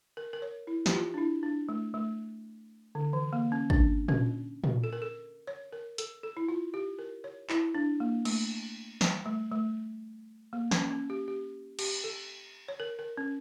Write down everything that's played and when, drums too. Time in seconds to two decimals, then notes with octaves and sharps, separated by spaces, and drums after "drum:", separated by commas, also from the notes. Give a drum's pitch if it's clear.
0.17 A#4
0.33 A#4
0.42 C#5
0.67 E4
0.86 G4, drum: snare
0.93 F4
1.14 D4
1.18 E4
1.43 D4
1.69 A3
1.94 A3
2.95 D3
3.13 E3
3.33 A#3
3.52 C#4
3.70 D4, drum: kick
4.08 C#4, drum: tom A#2
4.64 drum: tom A#2
4.84 A4
4.93 A#4
5.02 A4
5.47 C#5
5.73 A#4
5.98 A4, drum: hi-hat
6.23 A4
6.37 E4
6.48 F4
6.74 G4
6.99 A#4
7.24 C#5
7.50 E4, drum: clap
7.75 D4
8.00 A#3
8.25 A3, drum: cymbal
9.01 G3, drum: snare
9.26 A3
9.52 A3
10.53 A#3
10.71 C#4, drum: snare
10.91 C#4
11.10 G4
11.28 G4
11.79 G4, drum: cymbal
12.04 A4
12.68 C#5
12.80 A#4
12.99 A#4
13.17 C#4